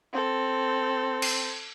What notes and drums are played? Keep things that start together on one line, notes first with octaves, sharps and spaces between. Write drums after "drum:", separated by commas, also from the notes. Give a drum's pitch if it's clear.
C4 A4
drum: cymbal